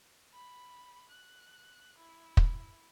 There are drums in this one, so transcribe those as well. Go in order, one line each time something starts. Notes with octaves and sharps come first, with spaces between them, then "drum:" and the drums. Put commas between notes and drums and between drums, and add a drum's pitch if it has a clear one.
B5
F#6
E4
drum: kick